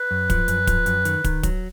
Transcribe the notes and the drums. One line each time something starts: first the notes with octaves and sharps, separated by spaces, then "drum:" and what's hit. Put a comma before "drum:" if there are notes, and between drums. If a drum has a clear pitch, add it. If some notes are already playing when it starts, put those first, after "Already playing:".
Already playing: B4
F#2
F3, drum: kick, hi-hat
F#2, drum: hi-hat
F3, drum: kick, hi-hat
F#2, drum: hi-hat
D#3, drum: hi-hat
D#3, drum: kick, hi-hat
F#3, drum: kick, hi-hat